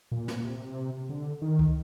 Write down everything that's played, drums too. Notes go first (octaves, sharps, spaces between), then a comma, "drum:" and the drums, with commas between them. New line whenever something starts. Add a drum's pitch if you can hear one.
A#2
drum: snare
C3
D3
D#3
drum: kick C#2